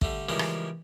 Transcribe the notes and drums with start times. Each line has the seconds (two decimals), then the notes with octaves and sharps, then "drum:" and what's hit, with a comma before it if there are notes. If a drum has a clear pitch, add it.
0.01 D3 G3 A3, drum: kick
0.29 C#3 E3 F3 G3 G#3 A#3
0.39 drum: rim click